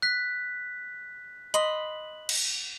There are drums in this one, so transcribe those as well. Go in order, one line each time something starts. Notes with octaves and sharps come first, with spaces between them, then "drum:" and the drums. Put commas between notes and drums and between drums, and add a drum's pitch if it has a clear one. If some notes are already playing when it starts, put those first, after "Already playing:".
F#6 B6
D#5 B5 C6 F#7, drum: hi-hat
drum: cymbal